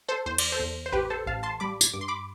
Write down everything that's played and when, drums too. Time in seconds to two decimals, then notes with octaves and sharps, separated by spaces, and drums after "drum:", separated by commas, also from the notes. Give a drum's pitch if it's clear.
0.08 A4 C5
0.26 E2 C5
0.38 D5, drum: cymbal
0.52 A4 C5
0.60 E2
0.86 C5
0.92 A1 G4 B4
1.10 A4 C5
1.26 A1 F5 A5
1.43 A5 C6
1.60 G3 B5 D6
1.81 drum: tambourine
1.93 G2 D6
2.01 C6
2.08 B5 D6